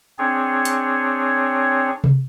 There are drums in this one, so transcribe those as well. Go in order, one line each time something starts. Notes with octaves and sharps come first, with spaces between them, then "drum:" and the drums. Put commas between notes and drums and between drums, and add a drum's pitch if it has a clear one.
C4 D4 G#4 C#5
drum: hi-hat
drum: tom C3